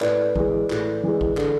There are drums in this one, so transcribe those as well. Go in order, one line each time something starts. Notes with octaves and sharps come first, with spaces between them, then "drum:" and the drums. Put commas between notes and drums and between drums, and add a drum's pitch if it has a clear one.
A2 B4 D5, drum: clap
E3 G#3, drum: kick G#1
A2, drum: clap
E3 G#3
drum: kick G#1
D3, drum: clap